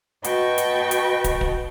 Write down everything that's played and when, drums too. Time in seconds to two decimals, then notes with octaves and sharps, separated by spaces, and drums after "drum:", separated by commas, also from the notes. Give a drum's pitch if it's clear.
0.24 F#4 B4 D#5 G5 A5 C#6, drum: hi-hat
0.58 drum: hi-hat
0.91 drum: hi-hat
1.24 drum: kick, hi-hat
1.41 drum: kick